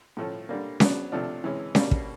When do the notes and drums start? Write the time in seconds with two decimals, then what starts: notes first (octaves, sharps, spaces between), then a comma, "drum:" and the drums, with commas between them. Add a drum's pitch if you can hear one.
0.17 A2 F3 A3 C#4
0.49 D3 G3 A#3
0.80 F#3 B3 D4, drum: snare C#4
1.12 C3 F3 A3 D4 F4
1.44 C3 E3 G#3 C#4
1.75 B2 G3 A#3 D4, drum: snare C#4
1.91 drum: kick